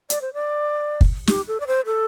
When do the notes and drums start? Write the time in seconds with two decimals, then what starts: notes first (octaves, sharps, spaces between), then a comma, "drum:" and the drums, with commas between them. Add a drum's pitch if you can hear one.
0.10 D5, drum: hi-hat
0.21 C5
0.34 D5
1.01 drum: kick
1.27 G4, drum: snare
1.48 A4
1.60 D5
1.67 C5
1.86 A4